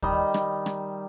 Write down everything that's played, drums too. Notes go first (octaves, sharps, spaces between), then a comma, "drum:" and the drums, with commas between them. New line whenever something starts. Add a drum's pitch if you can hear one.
D#3 G3 D#5 A#5, drum: kick
drum: rim click
drum: rim click